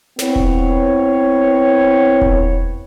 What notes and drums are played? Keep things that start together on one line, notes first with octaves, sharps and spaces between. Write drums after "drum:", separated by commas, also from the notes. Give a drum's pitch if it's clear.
B3 C4 E4 B4 C#5, drum: snare
drum: kick E1
drum: kick E1